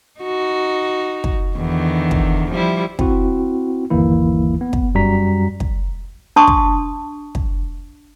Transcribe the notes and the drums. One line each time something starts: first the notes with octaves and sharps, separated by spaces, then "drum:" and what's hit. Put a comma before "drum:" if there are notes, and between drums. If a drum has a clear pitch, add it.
D#4 F#4
drum: kick
E2 D3 D#3
drum: kick
F3 G3 E4
C4 E4 F#4, drum: kick
G1 D#2 E3 A#3 E4
B3
drum: kick
F#2 G3 F#4 A#5 B6
drum: kick
D4 A5 C6 C#6 D#6
drum: kick
drum: kick